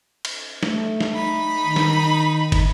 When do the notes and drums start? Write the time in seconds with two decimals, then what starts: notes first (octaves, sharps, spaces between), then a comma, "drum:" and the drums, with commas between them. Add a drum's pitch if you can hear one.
0.25 drum: cymbal
0.63 A3, drum: snare
1.01 drum: snare
1.14 D#4 B5
1.64 D#3
1.76 drum: snare
2.52 drum: kick, cymbal